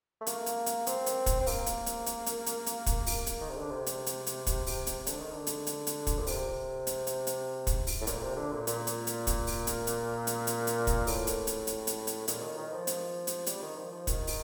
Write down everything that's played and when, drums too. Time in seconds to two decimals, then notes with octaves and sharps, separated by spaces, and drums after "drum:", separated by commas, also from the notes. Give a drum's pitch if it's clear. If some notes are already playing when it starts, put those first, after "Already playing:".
0.21 A3
0.27 A#3, drum: hi-hat
0.46 drum: hi-hat
0.66 drum: hi-hat
0.87 C4, drum: hi-hat
1.06 drum: hi-hat
1.26 drum: kick, hi-hat
1.41 C4
1.47 A#3, drum: open hi-hat
1.66 drum: hi-hat
1.86 drum: hi-hat
2.06 drum: hi-hat
2.26 drum: hi-hat
2.46 drum: hi-hat
2.66 drum: hi-hat
2.86 drum: kick, hi-hat
3.06 drum: open hi-hat
3.26 drum: hi-hat
3.41 D#3
3.50 C3
3.57 D3
3.71 C3
3.87 drum: hi-hat
4.07 drum: hi-hat
4.27 drum: hi-hat
4.47 drum: kick, hi-hat
4.67 drum: open hi-hat
4.87 drum: hi-hat
5.07 D3, drum: hi-hat
5.19 D#3
5.32 D3
5.47 drum: hi-hat
5.67 drum: hi-hat
5.87 drum: hi-hat
6.07 drum: kick, hi-hat
6.19 A#2
6.27 C3, drum: open hi-hat
6.87 drum: hi-hat
7.07 drum: hi-hat
7.27 drum: hi-hat
7.67 drum: kick, hi-hat
7.87 drum: open hi-hat
8.01 A2
8.07 A#2, drum: hi-hat
8.22 C3
8.37 D3
8.52 A#2
8.67 A#2, drum: hi-hat
8.87 drum: hi-hat
9.07 drum: hi-hat
9.27 drum: kick, hi-hat
9.47 drum: open hi-hat
9.67 drum: hi-hat
9.87 drum: hi-hat
10.27 drum: hi-hat
10.47 drum: hi-hat
10.67 drum: hi-hat
10.87 drum: kick, hi-hat
11.07 A2, drum: open hi-hat
11.27 drum: hi-hat
11.47 drum: hi-hat
11.67 drum: hi-hat
11.87 drum: hi-hat
12.07 drum: hi-hat
12.28 A#2, drum: hi-hat
12.42 D#3
12.57 D#3
12.72 F3
12.87 drum: hi-hat
13.27 drum: hi-hat
13.47 G3, drum: hi-hat
13.62 D#3
13.77 F3
13.92 F3
14.07 D#3, drum: kick, hi-hat
14.27 drum: open hi-hat